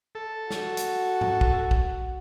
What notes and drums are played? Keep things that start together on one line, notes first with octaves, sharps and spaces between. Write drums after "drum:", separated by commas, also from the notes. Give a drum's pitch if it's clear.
A4
F#4, drum: snare
drum: hi-hat
drum: tom G#2
drum: kick
drum: kick